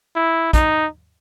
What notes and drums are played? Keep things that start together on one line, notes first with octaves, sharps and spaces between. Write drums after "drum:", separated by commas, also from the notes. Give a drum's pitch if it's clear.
E4
D#4, drum: kick, hi-hat